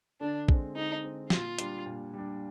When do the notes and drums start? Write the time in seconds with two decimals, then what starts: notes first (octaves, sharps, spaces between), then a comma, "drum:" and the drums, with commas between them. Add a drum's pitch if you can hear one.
0.21 D3 D4
0.48 G#3 C4, drum: kick
0.76 D3 D#4
1.03 G#3 C4
1.30 A#2 F4, drum: snare
1.59 G3 D4, drum: hi-hat
1.86 A#2
2.13 G3 D4